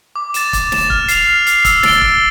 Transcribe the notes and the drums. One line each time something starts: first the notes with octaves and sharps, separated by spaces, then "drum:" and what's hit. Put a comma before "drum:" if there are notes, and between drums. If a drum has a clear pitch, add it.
D6
A6 E7, drum: hi-hat
D6, drum: kick, hi-hat
A6 E7, drum: snare
F6, drum: kick
C7 F7, drum: hi-hat
F6
C7 F7, drum: hi-hat
E6, drum: kick, hi-hat
A6 D7 G7, drum: snare
E6, drum: kick